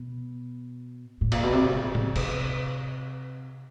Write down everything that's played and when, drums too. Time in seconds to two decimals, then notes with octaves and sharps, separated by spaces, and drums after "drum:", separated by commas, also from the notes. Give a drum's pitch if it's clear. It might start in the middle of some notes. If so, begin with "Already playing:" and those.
Already playing: B2
1.21 A2
1.32 A#2, drum: cymbal
1.43 B2
1.53 C3
1.64 A#2
1.74 B2
1.95 C3, drum: tom A2
2.16 C3, drum: cymbal